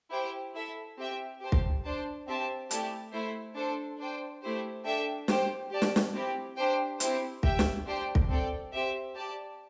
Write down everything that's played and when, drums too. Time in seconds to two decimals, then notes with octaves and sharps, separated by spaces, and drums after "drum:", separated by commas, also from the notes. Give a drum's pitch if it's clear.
0.11 E4 G4 C5 G5
0.55 E4 A4 E5
0.98 C4 G4 E5 G5
1.41 G4 C5 A5
1.52 drum: kick
1.84 D4 C5 A5
2.27 C4 G4 C5 E5 A5
2.71 A3 E4 G4 D5 A5, drum: hi-hat
3.13 A3 E4 C5 E5
3.56 D4 A4 C5 A5
3.99 D4 C5 G5
4.43 A3 E4 G4 C5
4.85 D4 A4 E5 G5
5.28 G4 C5 G5, drum: snare
5.71 G4 D5 A5
5.82 drum: snare
5.96 drum: snare
6.14 C4 E4 G4
6.57 D4 G4 C5 G5
7.00 C4 E4 G4 C5, drum: hi-hat
7.43 G4 E5 G5, drum: kick
7.59 drum: snare
7.87 D4 G4 C5 G5
8.15 drum: kick
8.29 C4 A4 D5 G5
8.72 C4 G4 C5 E5
9.15 G4 D5 A5